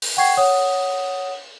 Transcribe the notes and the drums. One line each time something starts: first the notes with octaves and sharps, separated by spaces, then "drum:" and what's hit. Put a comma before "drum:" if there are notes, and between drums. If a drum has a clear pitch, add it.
drum: open hi-hat
F#5 G5 C#6 G#6 C7
C#5 F#5 D#6